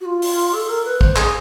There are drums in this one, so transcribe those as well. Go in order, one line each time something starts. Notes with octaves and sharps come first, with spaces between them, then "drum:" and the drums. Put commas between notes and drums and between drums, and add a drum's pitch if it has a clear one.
F#4
F4
drum: open hi-hat
A4
A#4
B4
C5, drum: kick
G#4, drum: clap